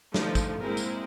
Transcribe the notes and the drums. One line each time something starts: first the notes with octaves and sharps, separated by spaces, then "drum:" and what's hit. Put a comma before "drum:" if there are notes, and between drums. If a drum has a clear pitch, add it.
D3 F3 A3 D#4, drum: snare
drum: kick, tambourine
G#3 A#3 C4 E4 G#4 A#4
drum: tambourine